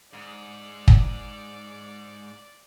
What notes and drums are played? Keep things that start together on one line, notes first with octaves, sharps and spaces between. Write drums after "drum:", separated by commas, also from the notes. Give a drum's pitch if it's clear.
G#2 D5
drum: kick